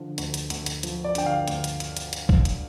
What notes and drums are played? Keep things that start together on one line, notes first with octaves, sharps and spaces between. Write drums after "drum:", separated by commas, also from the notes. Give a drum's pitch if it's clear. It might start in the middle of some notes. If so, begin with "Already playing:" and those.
Already playing: D3 F3
D2, drum: hi-hat
drum: hi-hat
D2, drum: hi-hat
drum: hi-hat
F3, drum: hi-hat
D5
D3 G5, drum: hi-hat
F5
D2, drum: hi-hat
drum: hi-hat
drum: hi-hat
drum: hi-hat
drum: hi-hat
drum: kick
drum: hi-hat